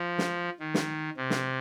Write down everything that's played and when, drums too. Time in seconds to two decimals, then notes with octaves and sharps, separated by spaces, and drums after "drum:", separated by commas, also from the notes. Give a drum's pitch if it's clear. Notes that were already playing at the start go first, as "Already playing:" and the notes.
Already playing: F3
0.18 drum: snare
0.60 D#3
0.74 drum: snare
1.17 C3
1.30 drum: snare